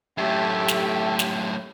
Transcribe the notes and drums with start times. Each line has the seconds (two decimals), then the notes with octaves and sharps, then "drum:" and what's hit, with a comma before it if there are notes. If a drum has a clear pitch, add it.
0.18 F#2 A2 A3 G4 A4 E5
0.68 drum: snare
1.19 drum: snare